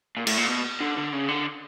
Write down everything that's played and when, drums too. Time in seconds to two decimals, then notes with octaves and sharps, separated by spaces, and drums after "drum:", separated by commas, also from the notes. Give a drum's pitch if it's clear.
0.17 A#2
0.27 A2, drum: cymbal
0.38 A#2
0.49 B2
0.80 D3
0.97 D3
1.13 C#3
1.28 D3